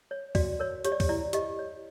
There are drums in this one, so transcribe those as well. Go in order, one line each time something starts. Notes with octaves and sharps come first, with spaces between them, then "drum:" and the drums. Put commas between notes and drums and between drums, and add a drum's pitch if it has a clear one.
C#5
F#4 D5, drum: kick D2, open hi-hat
A#4 C#5
G4 C#5, drum: hi-hat
D5
C#5, drum: kick D2, open hi-hat
E4 D5
G4 D#5, drum: hi-hat
C#5